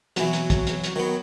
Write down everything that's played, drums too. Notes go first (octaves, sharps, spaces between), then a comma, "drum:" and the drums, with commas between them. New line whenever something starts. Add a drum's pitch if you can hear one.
B2 E3 F#3, drum: hi-hat
drum: hi-hat
drum: kick, hi-hat
drum: hi-hat
drum: hi-hat
D#3 F#3 B3